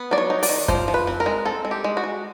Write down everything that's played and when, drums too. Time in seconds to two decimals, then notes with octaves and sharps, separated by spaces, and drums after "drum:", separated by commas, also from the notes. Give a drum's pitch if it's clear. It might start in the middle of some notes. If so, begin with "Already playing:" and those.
Already playing: B3
0.11 F#3 D5
0.18 C#5
0.30 D#4
0.43 D5, drum: open hi-hat
0.49 D#3
0.68 F3 C5, drum: kick F#2
0.88 F3
0.94 B4
1.07 C4
1.20 A#4
1.26 G#3
1.45 C4 A4
1.65 G#3
1.71 G4
1.84 G#3
1.97 F#4
2.04 G#3